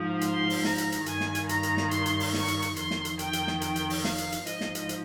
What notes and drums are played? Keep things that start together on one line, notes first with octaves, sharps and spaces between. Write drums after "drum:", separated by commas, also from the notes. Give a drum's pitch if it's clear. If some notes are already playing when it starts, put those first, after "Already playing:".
Already playing: G#2 F3
C6, drum: hi-hat
drum: open hi-hat
A#5, drum: snare
drum: hi-hat
drum: hi-hat
G2 D#3 G#5, drum: hi-hat
drum: snare
drum: hi-hat
A#5, drum: hi-hat
drum: hi-hat
drum: snare
C6, drum: hi-hat
drum: hi-hat
drum: open hi-hat
C#6, drum: snare
drum: hi-hat
drum: hi-hat
F2 D#3 C6, drum: hi-hat
drum: snare
drum: hi-hat
G5, drum: hi-hat
drum: hi-hat
drum: snare
G5, drum: hi-hat
drum: hi-hat
drum: open hi-hat
F5, drum: snare
drum: hi-hat
drum: hi-hat
G#2 F3 D#5, drum: hi-hat
drum: snare
drum: hi-hat
drum: hi-hat